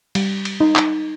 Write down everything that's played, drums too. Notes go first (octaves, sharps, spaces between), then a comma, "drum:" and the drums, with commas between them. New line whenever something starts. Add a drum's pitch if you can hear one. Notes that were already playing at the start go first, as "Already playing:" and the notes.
G3, drum: cymbal
drum: cymbal
D#4
drum: clap